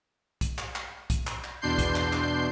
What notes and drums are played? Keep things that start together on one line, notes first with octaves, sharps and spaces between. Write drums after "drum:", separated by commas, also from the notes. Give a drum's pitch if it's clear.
drum: kick B1, hi-hat
drum: clap
drum: clap
drum: kick B1, hi-hat
drum: clap
drum: clap
E2 B2 D4 C6 G6 C7
drum: kick B1, hi-hat
drum: clap
drum: clap